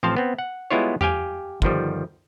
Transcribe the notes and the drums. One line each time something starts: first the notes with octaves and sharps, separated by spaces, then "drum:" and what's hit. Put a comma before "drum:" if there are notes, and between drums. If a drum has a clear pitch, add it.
A1 F3 C4 C5 F5 A5
B3 C4
F#5
G3 G#3 B3 E4 F4 C#5
G4 F5 G5 G#5, drum: tom E2
G1 D#3 F3 G3, drum: kick